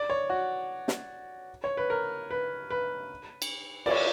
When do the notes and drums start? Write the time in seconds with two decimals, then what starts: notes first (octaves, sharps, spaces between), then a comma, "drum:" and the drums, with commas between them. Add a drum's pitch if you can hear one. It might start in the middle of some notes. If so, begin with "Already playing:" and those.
Already playing: D5
0.10 C#5
0.30 F#4
0.88 drum: snare
1.64 C#5
1.77 B4
1.90 A#4
2.31 B4
2.70 B4
3.42 drum: cymbal
3.86 D5, drum: cymbal
3.91 C#5